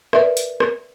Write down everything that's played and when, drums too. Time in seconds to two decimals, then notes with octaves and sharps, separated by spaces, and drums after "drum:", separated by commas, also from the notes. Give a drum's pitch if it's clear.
0.13 A#4 B4 D5 E5, drum: rim click
0.37 drum: hi-hat
0.60 drum: rim click